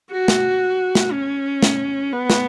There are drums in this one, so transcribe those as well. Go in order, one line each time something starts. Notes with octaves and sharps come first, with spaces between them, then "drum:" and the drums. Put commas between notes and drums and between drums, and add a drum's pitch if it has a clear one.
F#4
drum: snare
drum: snare
C#4
drum: snare
B3
drum: snare